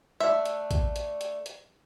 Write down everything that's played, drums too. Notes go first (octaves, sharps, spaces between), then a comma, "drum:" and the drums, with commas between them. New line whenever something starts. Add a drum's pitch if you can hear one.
A3 D4 D5 E5
drum: hi-hat
drum: kick A1, hi-hat
drum: hi-hat
drum: hi-hat
drum: hi-hat